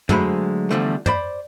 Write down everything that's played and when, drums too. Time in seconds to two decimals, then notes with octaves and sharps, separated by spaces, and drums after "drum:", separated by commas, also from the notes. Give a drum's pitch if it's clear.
0.09 D3 F#3 G#3 A3 C5 B5, drum: tom
0.70 E2 G#2 D3 F3 G3 A3
1.06 C5 D5 B5, drum: tom